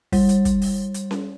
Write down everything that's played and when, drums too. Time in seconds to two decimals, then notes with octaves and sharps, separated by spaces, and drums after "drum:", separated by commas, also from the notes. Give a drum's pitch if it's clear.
0.12 G3, drum: kick, open hi-hat
0.29 drum: hi-hat
0.45 drum: kick, hi-hat
0.62 drum: open hi-hat
0.94 drum: hi-hat
1.11 drum: snare C#4